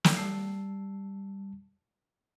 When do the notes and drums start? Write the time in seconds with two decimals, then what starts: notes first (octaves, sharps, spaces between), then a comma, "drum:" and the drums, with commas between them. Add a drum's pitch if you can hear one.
0.04 drum: snare
0.17 G3 A5 E6 C7